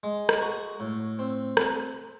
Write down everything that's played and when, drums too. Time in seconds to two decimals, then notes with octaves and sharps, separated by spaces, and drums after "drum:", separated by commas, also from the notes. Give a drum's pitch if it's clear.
0.03 G#3
0.29 drum: rim click
0.42 F#4
0.80 A2
1.19 C4
1.57 drum: rim click